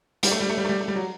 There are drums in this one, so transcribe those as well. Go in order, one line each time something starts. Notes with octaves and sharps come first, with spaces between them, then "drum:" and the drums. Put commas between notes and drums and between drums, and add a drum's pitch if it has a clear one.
G3, drum: hi-hat
A3
G3
A3
G3
A3
G3
A3
G3
F#3